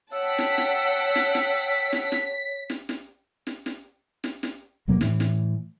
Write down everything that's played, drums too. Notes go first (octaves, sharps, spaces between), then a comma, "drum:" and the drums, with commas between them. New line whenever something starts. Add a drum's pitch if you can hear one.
C#5 F#5 G5 A5 E6 B6
drum: snare
drum: snare
drum: snare
drum: snare
drum: snare
drum: snare
drum: snare
drum: snare
drum: snare
drum: snare
drum: snare
drum: snare
D#2 B2 F#3 A#3
A2 E3, drum: snare
drum: snare